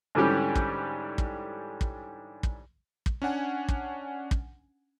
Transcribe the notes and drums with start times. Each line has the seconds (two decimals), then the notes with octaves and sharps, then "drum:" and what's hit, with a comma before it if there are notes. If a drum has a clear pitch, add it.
0.15 G#2 D3 E3 G3 C#4 G4
0.55 drum: kick
1.18 drum: kick
1.81 drum: kick
2.43 drum: kick
3.06 drum: kick
3.22 C#4 D4 F#5 G#5
3.68 drum: kick
4.31 drum: kick